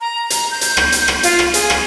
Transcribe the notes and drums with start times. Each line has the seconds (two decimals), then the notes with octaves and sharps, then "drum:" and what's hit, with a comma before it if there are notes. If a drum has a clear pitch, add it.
0.01 A#5
0.30 drum: hi-hat
0.51 G6
0.61 drum: hi-hat
0.77 drum: rim click
0.92 drum: hi-hat
1.08 drum: rim click
1.23 F4, drum: hi-hat
1.39 drum: rim click
1.54 G#4, drum: hi-hat
1.70 drum: rim click